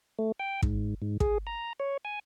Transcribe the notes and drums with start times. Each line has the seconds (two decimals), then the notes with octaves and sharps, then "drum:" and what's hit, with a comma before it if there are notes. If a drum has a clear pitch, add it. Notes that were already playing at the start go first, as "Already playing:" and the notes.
0.19 A3
0.39 G5
0.63 G#2, drum: kick
1.02 G#2
1.20 G#4, drum: kick
1.47 A#5
1.80 C#5
2.05 G#5